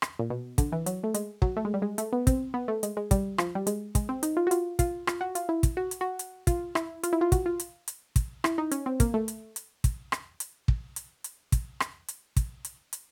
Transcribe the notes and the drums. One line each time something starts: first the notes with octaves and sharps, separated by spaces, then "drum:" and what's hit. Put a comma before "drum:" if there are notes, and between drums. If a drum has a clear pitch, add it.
drum: rim click
A#2
B2
D3, drum: kick, hi-hat
E3
F#3, drum: hi-hat
A3
G#3, drum: hi-hat
F#3, drum: kick
A3
G#3
G3
G#3
A3, drum: hi-hat
B3
C4, drum: kick, hi-hat
B3
A3
G#3, drum: hi-hat
G#3
G3, drum: kick, hi-hat
F3, drum: rim click
G3
G#3, drum: hi-hat
G#3, drum: kick, hi-hat
C4
D#4, drum: hi-hat
F4
F#4
F4, drum: hi-hat
F4, drum: kick, hi-hat
F4, drum: rim click
F#4
F4, drum: hi-hat
E4
drum: kick, hi-hat
F#4
drum: hi-hat
F#4
drum: hi-hat
F4, drum: kick, hi-hat
E4, drum: rim click
F4, drum: hi-hat
E4
F4
F#4, drum: kick, hi-hat
F4
drum: hi-hat
drum: hi-hat
drum: kick, hi-hat
E4, drum: rim click
D#4
C#4, drum: hi-hat
C4
A#3, drum: kick, hi-hat
A3
drum: hi-hat
drum: hi-hat
drum: kick, hi-hat
drum: rim click
drum: hi-hat
drum: kick
drum: hi-hat
drum: hi-hat
drum: kick, hi-hat
drum: rim click
drum: hi-hat
drum: kick, hi-hat
drum: hi-hat
drum: hi-hat